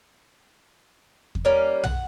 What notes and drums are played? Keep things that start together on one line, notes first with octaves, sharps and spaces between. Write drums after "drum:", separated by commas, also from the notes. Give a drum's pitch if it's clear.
drum: kick E2
G3 A#3 C#4
F#5, drum: tom